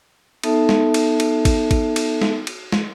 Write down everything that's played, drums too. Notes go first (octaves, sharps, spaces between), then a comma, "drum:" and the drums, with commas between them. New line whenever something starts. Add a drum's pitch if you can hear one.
B3 D#4 A4 E5 A5, drum: cymbal
drum: snare
drum: cymbal
drum: cymbal
drum: kick, cymbal
drum: kick, cymbal
drum: cymbal
drum: snare
drum: cymbal
drum: snare